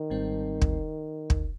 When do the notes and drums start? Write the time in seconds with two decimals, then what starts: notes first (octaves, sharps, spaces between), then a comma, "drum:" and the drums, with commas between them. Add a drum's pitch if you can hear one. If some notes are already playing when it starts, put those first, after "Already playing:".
Already playing: D#3
0.10 G#1 G#2 G3 C4
0.62 drum: kick
1.30 drum: kick